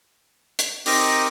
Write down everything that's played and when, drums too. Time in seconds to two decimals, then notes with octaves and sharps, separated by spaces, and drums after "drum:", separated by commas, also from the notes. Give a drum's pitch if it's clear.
0.59 drum: hi-hat
0.86 C4 D#4 G4 A#4 D#5, drum: open hi-hat